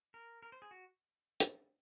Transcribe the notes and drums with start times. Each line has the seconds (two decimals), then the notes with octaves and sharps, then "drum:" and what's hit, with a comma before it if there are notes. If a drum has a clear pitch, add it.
0.14 A#4
0.42 A#4
0.52 C5
0.62 G#4
0.71 F#4
1.40 drum: hi-hat